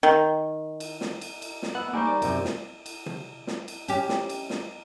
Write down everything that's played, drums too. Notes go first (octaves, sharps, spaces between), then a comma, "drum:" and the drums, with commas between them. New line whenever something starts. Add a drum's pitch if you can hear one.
D#3
drum: cymbal
drum: snare
drum: cymbal
drum: cymbal
drum: snare
B3 B4 F#5 E6
G3 A#3 D#4 A#4 C5 G#5 C#6 D6
A#4 D5
F#2 C3, drum: cymbal
drum: snare
drum: cymbal
drum: tom
drum: snare
drum: cymbal
C#4 G4, drum: cymbal
drum: snare
drum: cymbal
drum: snare